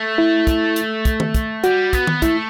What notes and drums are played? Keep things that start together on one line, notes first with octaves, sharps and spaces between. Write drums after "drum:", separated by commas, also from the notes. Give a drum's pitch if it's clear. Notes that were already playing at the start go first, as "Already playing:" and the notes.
Already playing: A3
E4
drum: kick, hi-hat
drum: hi-hat
drum: kick, hi-hat
drum: tom D#3
drum: kick, hi-hat
G3 F#4, drum: hi-hat
B3, drum: kick, hi-hat
drum: tom D#3
A3 E4, drum: kick, hi-hat